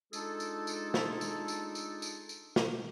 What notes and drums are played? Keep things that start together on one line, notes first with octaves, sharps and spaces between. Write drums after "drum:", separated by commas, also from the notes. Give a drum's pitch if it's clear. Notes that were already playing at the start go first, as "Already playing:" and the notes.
G#3 D4 D#4 F4 G#4 A4, drum: tambourine
drum: tambourine
drum: tambourine
drum: snare
drum: tambourine
drum: tambourine
drum: tambourine
drum: tambourine
drum: tambourine
drum: snare